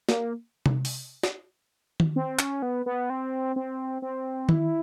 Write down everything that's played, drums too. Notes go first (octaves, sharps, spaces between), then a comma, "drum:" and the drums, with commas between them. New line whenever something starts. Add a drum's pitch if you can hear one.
A#3, drum: snare
drum: tom C3
drum: open hi-hat
drum: snare
drum: tom D#3
C4
C#4, drum: clap
B3
B3
C4
C4
C4
E4, drum: tom D#3